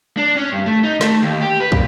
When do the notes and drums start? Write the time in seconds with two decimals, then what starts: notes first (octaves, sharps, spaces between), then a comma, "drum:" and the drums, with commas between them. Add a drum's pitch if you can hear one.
0.17 D4
0.37 C#4
0.52 G2
0.66 A3
0.83 D#4
1.01 A3, drum: snare
1.22 D#2
1.41 G4
1.60 B4
1.72 A#2, drum: kick